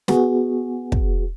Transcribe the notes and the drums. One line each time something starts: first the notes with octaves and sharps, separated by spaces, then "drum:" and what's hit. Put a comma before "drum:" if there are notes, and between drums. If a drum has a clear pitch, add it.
B3 F#4 G#4, drum: snare
drum: kick